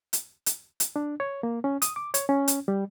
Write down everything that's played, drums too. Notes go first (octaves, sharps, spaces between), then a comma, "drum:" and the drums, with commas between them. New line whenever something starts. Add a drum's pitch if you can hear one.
drum: hi-hat
drum: hi-hat
drum: hi-hat
D4
C#5
A#3
C#4
D#6, drum: hi-hat
D6
C#5, drum: hi-hat
C#4
drum: hi-hat
G3